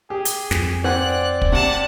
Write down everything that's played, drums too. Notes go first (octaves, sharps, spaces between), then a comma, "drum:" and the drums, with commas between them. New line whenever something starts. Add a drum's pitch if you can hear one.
G4 G#4
drum: hi-hat
F2, drum: snare
C4 D5 F#5 G#5 F#6
drum: kick
C3 F#5 A5